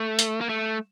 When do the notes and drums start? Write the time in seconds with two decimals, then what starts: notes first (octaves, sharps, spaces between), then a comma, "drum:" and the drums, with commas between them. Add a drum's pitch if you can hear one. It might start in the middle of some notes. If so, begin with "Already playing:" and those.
Already playing: A3
0.19 drum: hi-hat
0.41 A#3
0.49 A3